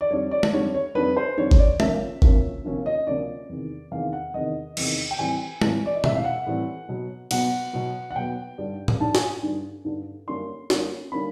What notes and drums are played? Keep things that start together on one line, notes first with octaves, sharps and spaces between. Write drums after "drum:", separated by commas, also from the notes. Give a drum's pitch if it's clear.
D5
F2 D3 G3 C#5
D5
drum: tom
F2 D3 G3 C#5
C#5
F2 D3 G3 B4
C5
F2 D3 G3 C#5
C#5, drum: kick G1
D5
D2 C3 F3 A#3 C#4 E5, drum: tom
D2 C3 F3 A#3 C#4, drum: kick G1
D2 C3 F3 A#3 C#4
D#5
D2 C3 F3 A#3 C#4 D5
E2 C3 D#3
E2 C3 D#3 F5
F#5
E2 C3 D#3 D#5
E2 C3 D#3, drum: cymbal
G5
A2 E3 G3 C4 G#5
A2 E3 G3 C4, drum: tom
D5
D#5
A2 E3 G3 C4 E5, drum: tom B2
F5
F#5
A2 E3 G3 C4
B2 F#3 B3
B2 F#3 B3 F#5, drum: cymbal
B2 F#3 B3
F#5
B2 F#3 B3 G5
G2 D3 G3
drum: tom A2
G2 D3 G3 A5
G#5, drum: snare
G2 D3 G3
G2 D3 G3
F#2 D3 G3 A#3 C#4 C6
F#2 D3 G3 A#3 C#4, drum: snare
D3 G3 A#3 C#4 B5